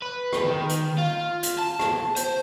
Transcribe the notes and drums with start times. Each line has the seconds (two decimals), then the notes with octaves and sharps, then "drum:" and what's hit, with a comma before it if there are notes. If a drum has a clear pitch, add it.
0.02 B4
0.33 drum: rim click
0.44 D#3
0.69 drum: hi-hat
0.98 F4
1.43 drum: hi-hat
1.58 A5
1.80 drum: rim click
2.16 C5, drum: hi-hat